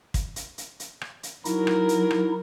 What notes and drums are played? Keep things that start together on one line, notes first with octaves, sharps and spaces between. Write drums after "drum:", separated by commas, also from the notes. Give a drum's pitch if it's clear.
drum: kick, hi-hat
drum: hi-hat
drum: hi-hat
drum: hi-hat
drum: rim click
drum: hi-hat
F#3 D#4 E4 A#4, drum: hi-hat
drum: rim click
drum: hi-hat
drum: rim click